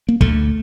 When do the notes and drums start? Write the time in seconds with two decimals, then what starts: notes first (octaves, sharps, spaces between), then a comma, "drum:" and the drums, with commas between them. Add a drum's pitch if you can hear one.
0.09 A#3
0.21 D2 D3 A3, drum: kick